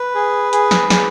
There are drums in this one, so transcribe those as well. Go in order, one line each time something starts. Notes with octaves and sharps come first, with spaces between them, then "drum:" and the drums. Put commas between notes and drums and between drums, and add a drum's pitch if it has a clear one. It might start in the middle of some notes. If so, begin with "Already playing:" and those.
Already playing: B4
G#4
G#4, drum: hi-hat
drum: snare
G#4, drum: snare